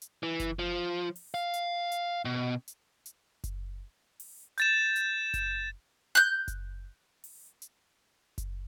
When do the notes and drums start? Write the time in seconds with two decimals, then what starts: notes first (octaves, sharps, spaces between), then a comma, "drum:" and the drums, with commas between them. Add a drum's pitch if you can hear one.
0.02 drum: hi-hat
0.23 E3
0.40 drum: kick F#1, hi-hat
0.59 F3
1.16 drum: open hi-hat
1.34 F5
1.54 drum: hi-hat
1.92 drum: hi-hat
2.25 B2
2.68 drum: hi-hat
3.06 drum: hi-hat
3.44 drum: kick F#1, hi-hat
4.20 drum: open hi-hat
4.58 G6 A6 E7, drum: hi-hat
4.96 drum: hi-hat
5.34 drum: kick F#1, hi-hat
6.15 F#6 G6
6.48 drum: kick F#1, hi-hat
7.24 drum: open hi-hat
7.62 drum: hi-hat
8.38 drum: kick F#1, hi-hat